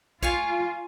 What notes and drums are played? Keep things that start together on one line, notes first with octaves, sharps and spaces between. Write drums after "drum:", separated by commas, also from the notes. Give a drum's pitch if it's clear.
F4 C#5 F5 G#5, drum: kick